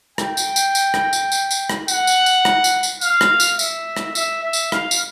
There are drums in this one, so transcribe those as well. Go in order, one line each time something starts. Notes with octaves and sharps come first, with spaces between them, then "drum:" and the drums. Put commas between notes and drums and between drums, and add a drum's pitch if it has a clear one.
G5, drum: rim click
drum: tambourine
drum: tambourine
drum: tambourine
drum: rim click
drum: tambourine
drum: tambourine
drum: tambourine
drum: rim click
F#5, drum: tambourine
drum: tambourine
drum: tambourine
drum: rim click
drum: tambourine
drum: tambourine
F5, drum: tambourine
drum: rim click
drum: tambourine
E5, drum: tambourine
drum: rim click
E5, drum: tambourine
E5
drum: tambourine
F5, drum: rim click
drum: tambourine